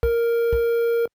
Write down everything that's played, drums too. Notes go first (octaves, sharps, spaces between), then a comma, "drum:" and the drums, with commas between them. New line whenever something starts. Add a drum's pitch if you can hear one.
A#4, drum: kick
drum: kick